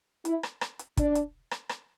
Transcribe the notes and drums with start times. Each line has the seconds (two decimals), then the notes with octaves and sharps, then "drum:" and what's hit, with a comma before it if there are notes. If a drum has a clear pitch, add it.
0.25 E4, drum: hi-hat
0.43 drum: rim click
0.61 drum: rim click
0.79 drum: hi-hat
0.97 D4, drum: kick, hi-hat
1.15 drum: hi-hat
1.51 drum: rim click
1.69 drum: rim click